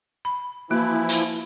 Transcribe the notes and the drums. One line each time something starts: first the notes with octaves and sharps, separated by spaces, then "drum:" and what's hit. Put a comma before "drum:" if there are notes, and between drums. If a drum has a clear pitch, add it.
B5
E3 F3 A#3 E4 F#4
drum: hi-hat